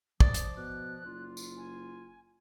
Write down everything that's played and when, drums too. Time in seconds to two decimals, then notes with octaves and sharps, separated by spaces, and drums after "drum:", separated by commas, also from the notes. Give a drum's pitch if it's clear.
0.20 F3 D5 D#6, drum: kick
0.34 drum: hi-hat
0.57 B2 F#6
1.05 F#1 F4
1.37 drum: tambourine
1.57 G#5